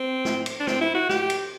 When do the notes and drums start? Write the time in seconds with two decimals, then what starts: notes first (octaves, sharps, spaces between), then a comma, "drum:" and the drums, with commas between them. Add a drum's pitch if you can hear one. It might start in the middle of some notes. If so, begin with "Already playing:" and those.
Already playing: C4
0.25 drum: snare
0.46 drum: cymbal
0.60 D4
0.67 C4, drum: snare
0.81 E4
0.95 F#4
1.09 G4, drum: snare
1.30 drum: cymbal